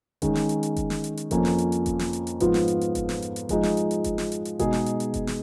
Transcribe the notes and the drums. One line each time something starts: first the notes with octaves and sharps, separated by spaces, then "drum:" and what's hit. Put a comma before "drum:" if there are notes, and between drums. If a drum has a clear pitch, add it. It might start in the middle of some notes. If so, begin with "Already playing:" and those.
D#3 G#3 C#4, drum: kick F#1, hi-hat
drum: snare
drum: hi-hat
drum: hi-hat
drum: kick F#1, hi-hat
drum: snare
drum: hi-hat
drum: hi-hat
F2 F3 A#3 C#4, drum: kick F#1, hi-hat
drum: snare
drum: hi-hat
drum: hi-hat
drum: kick F#1, hi-hat
drum: snare
drum: hi-hat
drum: hi-hat
G#2 F3 B3 F4, drum: kick F#1, hi-hat
drum: snare
drum: hi-hat
drum: hi-hat
drum: kick F#1, hi-hat
drum: snare
drum: hi-hat
drum: hi-hat
F3 G#3 D#4, drum: kick F#1, hi-hat
drum: snare
drum: hi-hat
drum: hi-hat
drum: kick F#1, hi-hat
drum: snare
drum: hi-hat
drum: hi-hat
B2 G#3 D#4 G#4, drum: kick F#1, hi-hat
drum: snare
drum: hi-hat
drum: hi-hat
drum: kick F#1, hi-hat
drum: snare